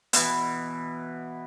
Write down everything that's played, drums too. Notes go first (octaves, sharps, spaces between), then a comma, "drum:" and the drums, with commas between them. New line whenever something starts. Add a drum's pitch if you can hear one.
B2 E3, drum: hi-hat